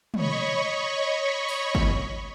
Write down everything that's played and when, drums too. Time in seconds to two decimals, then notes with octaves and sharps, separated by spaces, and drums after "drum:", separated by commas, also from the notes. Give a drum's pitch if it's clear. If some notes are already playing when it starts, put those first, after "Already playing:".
0.14 C#5 D#5 B5 C#6, drum: tom
1.48 drum: tambourine
1.75 drum: kick G1